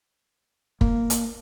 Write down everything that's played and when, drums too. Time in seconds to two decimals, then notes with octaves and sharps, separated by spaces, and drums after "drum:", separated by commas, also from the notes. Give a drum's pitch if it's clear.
0.81 A#3, drum: kick
1.10 drum: hi-hat